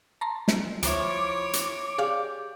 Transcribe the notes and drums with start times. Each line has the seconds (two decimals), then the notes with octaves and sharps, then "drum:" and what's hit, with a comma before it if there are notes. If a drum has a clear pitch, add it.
0.21 A5 A#5 C6
0.48 drum: snare
0.83 D2 F3 E4 C#5 D6, drum: hi-hat
1.53 drum: hi-hat
1.98 G4 G#4 D5 F5